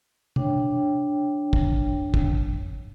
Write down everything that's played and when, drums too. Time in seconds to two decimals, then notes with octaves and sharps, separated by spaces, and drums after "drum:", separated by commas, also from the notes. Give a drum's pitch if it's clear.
0.36 D4 C#5 G5, drum: tom
1.53 drum: kick
2.14 drum: kick